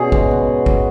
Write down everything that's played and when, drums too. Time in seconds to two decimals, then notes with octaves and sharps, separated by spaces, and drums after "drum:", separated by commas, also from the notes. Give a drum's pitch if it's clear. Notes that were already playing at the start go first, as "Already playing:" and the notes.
Already playing: B2 C#4 F#4 G#4
0.12 G#3, drum: kick
0.31 B3
0.66 drum: kick